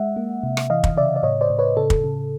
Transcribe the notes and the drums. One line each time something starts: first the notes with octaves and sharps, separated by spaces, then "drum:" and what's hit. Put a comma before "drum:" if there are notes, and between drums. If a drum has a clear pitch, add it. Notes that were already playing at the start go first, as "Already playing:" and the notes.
Already playing: G#3 E5 F#5
A#3
C3
drum: rim click
E3 D#5 F5
drum: kick
C#3 D5 E5
D5
A2 C#5 D#5
C5 D5
A2
B4 C#5
C#3 A4
drum: kick
C#3